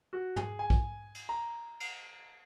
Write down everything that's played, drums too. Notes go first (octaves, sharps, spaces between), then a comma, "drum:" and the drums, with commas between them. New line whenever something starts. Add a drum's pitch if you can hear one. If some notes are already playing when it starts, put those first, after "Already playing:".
F#4
G#4, drum: tom
G#5
drum: kick A#1
drum: cymbal
A#5
drum: cymbal